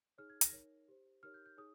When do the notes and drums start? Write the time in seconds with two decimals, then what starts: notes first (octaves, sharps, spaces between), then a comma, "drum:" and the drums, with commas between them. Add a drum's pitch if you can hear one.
0.18 D#4 G#4 C#5 F6
0.30 G#6
0.41 A#6, drum: hi-hat
0.52 D#4 A#4 C#5
0.88 G4 C5
1.23 D#4 G4 A#4 C#5 F6
1.34 G6
1.46 G6
1.57 D#4 G#4 C#5 D#6